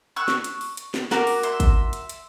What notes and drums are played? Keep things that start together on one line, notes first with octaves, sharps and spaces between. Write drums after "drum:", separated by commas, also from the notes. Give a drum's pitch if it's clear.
C#6 E6 F#6
drum: snare
drum: hi-hat
drum: open hi-hat
drum: hi-hat
drum: snare
F#4 A#4 D6, drum: snare
drum: open hi-hat
E5 C6, drum: hi-hat
drum: kick, hi-hat
drum: hi-hat
drum: hi-hat